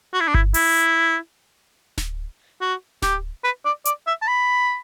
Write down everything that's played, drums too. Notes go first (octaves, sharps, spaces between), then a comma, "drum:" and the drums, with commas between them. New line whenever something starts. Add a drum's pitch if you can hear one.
F#4
E4
D4
E4, drum: kick G1
E4, drum: open hi-hat
drum: snare D1
F#4
G4, drum: snare D1
B4
D5
D5, drum: hi-hat
E5
A5
B5